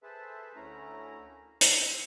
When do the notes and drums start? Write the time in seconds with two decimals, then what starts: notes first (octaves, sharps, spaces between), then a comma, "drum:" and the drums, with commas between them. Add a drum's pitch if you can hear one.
0.03 G#4 A4 B4 C5 E5 A5
0.56 D2 A3 C#4 E4 A#5
1.26 A#3
1.61 C4, drum: hi-hat